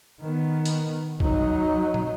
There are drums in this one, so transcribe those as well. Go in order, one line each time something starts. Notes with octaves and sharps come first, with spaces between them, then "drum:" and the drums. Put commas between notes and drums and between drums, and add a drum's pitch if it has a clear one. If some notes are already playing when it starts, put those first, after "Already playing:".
D#3 B3
drum: hi-hat
F#3 D#4, drum: kick B1
drum: tom